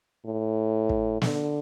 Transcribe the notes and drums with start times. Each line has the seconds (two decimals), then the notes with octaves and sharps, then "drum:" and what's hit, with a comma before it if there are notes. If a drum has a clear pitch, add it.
0.26 A2
0.90 drum: kick
1.22 D3, drum: snare